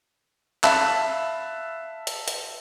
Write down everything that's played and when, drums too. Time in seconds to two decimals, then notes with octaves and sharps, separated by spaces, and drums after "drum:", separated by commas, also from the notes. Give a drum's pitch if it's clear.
0.64 E5 F5 A5 B5 F#6, drum: clap
2.07 drum: hi-hat
2.28 drum: hi-hat